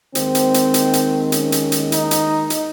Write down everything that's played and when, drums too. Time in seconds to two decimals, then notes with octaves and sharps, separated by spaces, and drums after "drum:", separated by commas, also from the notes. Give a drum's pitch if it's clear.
0.15 D#2 D#3 G#3 C4, drum: hi-hat
0.35 drum: hi-hat
0.54 drum: hi-hat
0.74 drum: hi-hat
0.93 drum: hi-hat
1.32 C#4, drum: hi-hat
1.52 drum: hi-hat
1.72 drum: hi-hat
1.92 D#4, drum: hi-hat
2.11 drum: hi-hat
2.50 drum: hi-hat